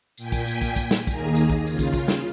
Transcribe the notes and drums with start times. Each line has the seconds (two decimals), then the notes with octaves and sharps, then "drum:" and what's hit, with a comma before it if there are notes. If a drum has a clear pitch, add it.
0.18 A#2 G5 G#5 B6, drum: tambourine
0.32 drum: kick, tambourine
0.47 drum: tambourine
0.62 drum: kick, tambourine
0.76 drum: kick, tambourine
0.91 drum: snare
1.07 D#2 D#3 A#3 G#4 G#5 A#5, drum: kick, tambourine
1.35 drum: tambourine
1.50 drum: kick, tambourine
1.66 C#3 F4, drum: tambourine
1.79 drum: kick, tambourine
1.94 drum: kick, tambourine
2.08 drum: snare